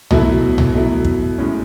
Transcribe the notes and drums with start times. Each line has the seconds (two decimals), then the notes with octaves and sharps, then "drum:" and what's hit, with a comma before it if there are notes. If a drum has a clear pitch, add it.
0.11 B2 F#3 A3 E4, drum: tom C2
0.58 drum: tom C2
0.74 B2 F#3 A3 E4
1.05 drum: kick
1.38 A2 G#3 C#4